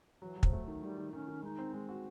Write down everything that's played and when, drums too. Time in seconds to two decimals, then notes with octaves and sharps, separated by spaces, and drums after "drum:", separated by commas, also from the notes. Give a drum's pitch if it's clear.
0.22 E3 F#3
0.37 F#3
0.43 F3, drum: kick
0.52 A3
0.68 D#3
0.82 D#3 G3
0.98 D#3
1.13 D#3 C#4
1.28 D#3
1.43 G#3 D#4
1.59 C4
1.74 G#3
1.89 F#4